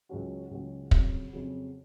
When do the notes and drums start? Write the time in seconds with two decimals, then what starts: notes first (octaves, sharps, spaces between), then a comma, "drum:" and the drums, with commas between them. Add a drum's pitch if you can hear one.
0.09 C#2 C#3 F#3 C#4 F#4
0.51 C#2 C#3 F#3 C#4 F#4
0.91 F2 C#3 F#3, drum: kick
1.33 F2 C#3 F#3